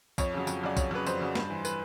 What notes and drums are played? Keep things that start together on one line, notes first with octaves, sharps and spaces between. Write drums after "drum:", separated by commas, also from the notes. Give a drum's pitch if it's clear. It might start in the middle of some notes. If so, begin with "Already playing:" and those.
F2 C#5, drum: kick, tambourine
C#3 F#3
F2, drum: tambourine
C#3 F#3 D5
F2 C#5, drum: kick, tambourine
C#3 F#3 B4
F2 C5, drum: tambourine
C#3 F#3
G2, drum: snare
E3
B4, drum: tambourine